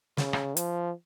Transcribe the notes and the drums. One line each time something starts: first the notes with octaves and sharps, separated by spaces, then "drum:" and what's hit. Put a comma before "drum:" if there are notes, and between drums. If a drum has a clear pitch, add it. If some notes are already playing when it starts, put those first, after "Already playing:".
C#3, drum: snare
drum: rim click
F3, drum: hi-hat